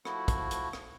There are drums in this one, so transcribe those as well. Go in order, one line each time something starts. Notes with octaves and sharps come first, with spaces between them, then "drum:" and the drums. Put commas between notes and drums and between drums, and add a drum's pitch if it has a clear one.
F3 A3 E4 F#4, drum: rim click
drum: kick, hi-hat
drum: hi-hat
drum: rim click